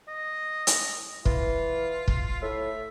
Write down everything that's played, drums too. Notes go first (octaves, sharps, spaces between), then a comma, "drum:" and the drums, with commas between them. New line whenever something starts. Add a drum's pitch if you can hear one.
D#5
drum: hi-hat
E3 F4, drum: kick
drum: kick
A2 E5